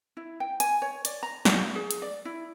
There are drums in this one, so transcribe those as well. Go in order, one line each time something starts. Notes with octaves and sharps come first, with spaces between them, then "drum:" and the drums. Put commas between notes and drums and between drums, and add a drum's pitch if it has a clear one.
E4
G5
G#5, drum: hi-hat
C#5
D5, drum: hi-hat
A#5
F#4, drum: snare
G#4
drum: hi-hat
D5
E4